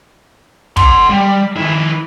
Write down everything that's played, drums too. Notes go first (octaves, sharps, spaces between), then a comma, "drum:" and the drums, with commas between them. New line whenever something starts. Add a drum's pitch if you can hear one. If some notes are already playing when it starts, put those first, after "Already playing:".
F#5 C6, drum: kick
G3
D#3 E4